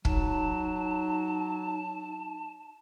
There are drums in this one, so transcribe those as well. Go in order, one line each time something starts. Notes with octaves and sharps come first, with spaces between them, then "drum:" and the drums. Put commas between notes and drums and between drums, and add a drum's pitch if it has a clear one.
F#3 D#4 A5, drum: kick